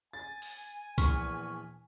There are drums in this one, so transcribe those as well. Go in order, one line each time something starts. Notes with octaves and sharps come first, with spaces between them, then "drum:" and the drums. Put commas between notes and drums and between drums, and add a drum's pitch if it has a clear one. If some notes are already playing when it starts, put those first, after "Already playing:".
G#5 A6
drum: open hi-hat
A#1 E2 E4 C#6 F6 B6, drum: kick C2, hi-hat